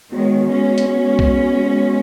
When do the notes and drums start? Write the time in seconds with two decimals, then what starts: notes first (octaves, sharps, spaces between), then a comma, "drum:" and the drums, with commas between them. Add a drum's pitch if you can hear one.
0.11 D#3 G#3 B3 F#4 C#5
0.50 G#3 C#4
0.78 drum: hi-hat
0.89 B3 F#4 C#5
1.19 drum: kick B1
1.66 B3 F#4 C#5